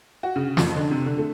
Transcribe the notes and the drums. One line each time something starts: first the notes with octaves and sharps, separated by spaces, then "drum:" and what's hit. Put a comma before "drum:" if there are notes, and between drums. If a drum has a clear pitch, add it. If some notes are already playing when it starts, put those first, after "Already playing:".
F#4
C#3
F2, drum: snare
D3
C3
D3
A3